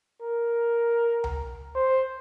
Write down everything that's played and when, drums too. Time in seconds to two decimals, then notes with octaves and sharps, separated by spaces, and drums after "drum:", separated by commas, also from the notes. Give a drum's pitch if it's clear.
0.22 A#4
1.24 drum: tom C#2
1.75 C5